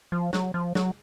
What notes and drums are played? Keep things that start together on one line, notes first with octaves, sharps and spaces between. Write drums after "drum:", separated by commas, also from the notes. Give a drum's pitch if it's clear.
F3
F#3, drum: snare
F3
F#3, drum: snare